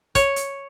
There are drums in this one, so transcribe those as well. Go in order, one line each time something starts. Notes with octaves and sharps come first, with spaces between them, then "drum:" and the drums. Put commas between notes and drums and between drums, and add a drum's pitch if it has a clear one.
C#5, drum: kick, hi-hat
drum: hi-hat